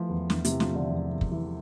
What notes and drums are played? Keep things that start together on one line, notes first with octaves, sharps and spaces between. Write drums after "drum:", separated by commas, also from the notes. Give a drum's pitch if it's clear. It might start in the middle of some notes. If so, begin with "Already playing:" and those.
Already playing: E3 F3 A3
E2
E2, drum: snare
C3, drum: hi-hat
E3
F3, drum: snare
D3 A3
E2
E2
drum: kick
E3